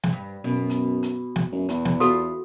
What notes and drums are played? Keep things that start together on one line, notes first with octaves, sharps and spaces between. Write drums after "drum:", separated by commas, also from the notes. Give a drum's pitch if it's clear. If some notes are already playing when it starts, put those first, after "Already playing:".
drum: snare
G2
F#2 B2
drum: hi-hat
drum: hi-hat
drum: snare
F#2
E2, drum: hi-hat
drum: snare
B3 F4 F#4 A4, drum: hi-hat